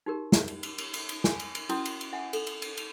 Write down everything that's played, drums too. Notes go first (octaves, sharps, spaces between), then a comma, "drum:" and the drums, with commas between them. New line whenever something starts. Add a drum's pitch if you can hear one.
D#4 F#4 G4 A#4
drum: snare
drum: cymbal
drum: cymbal
drum: cymbal
drum: cymbal
drum: cymbal
G#5, drum: snare
drum: cymbal
drum: cymbal
C#4 E4 F#4 C6 D#6, drum: cymbal
drum: cymbal
drum: cymbal
E5 F#5 G#5
A4, drum: cymbal
drum: cymbal
drum: cymbal
drum: cymbal